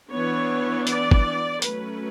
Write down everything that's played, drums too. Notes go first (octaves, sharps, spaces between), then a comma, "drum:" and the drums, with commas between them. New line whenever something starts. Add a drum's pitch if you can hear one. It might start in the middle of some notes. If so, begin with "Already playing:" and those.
E3 B3 D4 C#5
D5, drum: hi-hat
drum: kick
F#3 A3 C#4 B4, drum: hi-hat